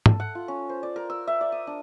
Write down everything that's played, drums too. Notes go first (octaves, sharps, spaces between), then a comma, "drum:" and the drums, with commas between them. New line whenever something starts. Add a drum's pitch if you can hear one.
A4, drum: tom
F#5
F4
C#4
C5
D5
A#4
E6
E5
D5
D#6
D4